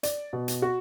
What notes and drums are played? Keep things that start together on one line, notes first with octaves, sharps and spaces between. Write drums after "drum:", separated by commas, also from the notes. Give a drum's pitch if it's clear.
D5, drum: hi-hat
B2
drum: hi-hat
F#4